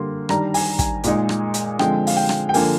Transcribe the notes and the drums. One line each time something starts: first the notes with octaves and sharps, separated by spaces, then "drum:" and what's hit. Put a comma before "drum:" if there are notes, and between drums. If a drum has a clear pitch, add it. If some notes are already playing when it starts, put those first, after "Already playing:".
Already playing: D3 G3 A#3 C6
D#3 G3 D4 A#5, drum: rim click
G#5, drum: open hi-hat
G#5, drum: kick, hi-hat
A#2 G#3 D#4, drum: hi-hat
drum: rim click
drum: hi-hat
D3 F3 G#3 C4 G5, drum: rim click
F5, drum: open hi-hat
G5
drum: rim click
G5
D3 F3 A#3 G#5, drum: open hi-hat